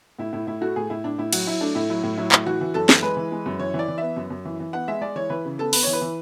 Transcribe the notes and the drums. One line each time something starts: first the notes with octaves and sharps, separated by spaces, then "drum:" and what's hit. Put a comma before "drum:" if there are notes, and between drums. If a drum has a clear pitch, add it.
A2 E4
A2 E4
A2 E4
A3 F#4
A2 G#4
A2 E4
A2 D4
A2 E4
F#3 F#4, drum: cymbal
F#3 E4
A3 D4
A2 E4
F#3 E4
A2
F#3 E4
A2, drum: clap
E3 F#4
E3
F#2 A4
E3, drum: snare
G#3 B4
E3
G#3
F#2
E3 C#5
E3
D5
E3
B3 E5
F#2
F#2
E3
E3
B3 F#5
G#3 E5
G#3 D5
E3 C#5
E3 B4
C#3
B3 A4
B3 B4, drum: open hi-hat
E3 C#5
B4
E3